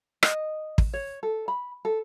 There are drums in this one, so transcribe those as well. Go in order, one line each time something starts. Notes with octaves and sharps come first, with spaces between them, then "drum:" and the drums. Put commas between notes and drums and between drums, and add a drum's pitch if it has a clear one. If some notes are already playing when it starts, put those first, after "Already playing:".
D#5, drum: rim click
drum: kick
C#5
A4
B5
A4